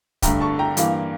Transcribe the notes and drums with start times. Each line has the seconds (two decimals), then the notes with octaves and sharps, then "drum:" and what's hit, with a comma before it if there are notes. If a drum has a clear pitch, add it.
0.22 G2 D3 A3 G5 A#5, drum: kick, hi-hat
0.41 A5 C#6
0.59 G5 A#5
0.77 G2 E3 A#3, drum: hi-hat